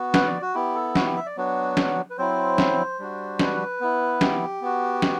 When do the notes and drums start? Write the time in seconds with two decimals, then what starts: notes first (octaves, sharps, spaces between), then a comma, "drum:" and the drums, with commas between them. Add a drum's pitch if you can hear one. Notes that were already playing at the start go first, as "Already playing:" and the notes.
Already playing: B3 F#4
0.14 B4, drum: snare
0.27 D5
0.42 F#4
0.55 B3 E4 G4
0.75 A4
0.95 F#4, drum: snare
1.06 G4
1.16 E5
1.26 D5
1.37 F#3 B3 D4 F#4
1.77 drum: snare
2.10 B4
2.18 F#3 C4 E4 C5
2.58 drum: snare
2.99 G3 D4 F#4
3.39 B4, drum: snare
3.80 B3 E4
4.21 G4, drum: snare
4.61 B3 F#4
5.02 drum: snare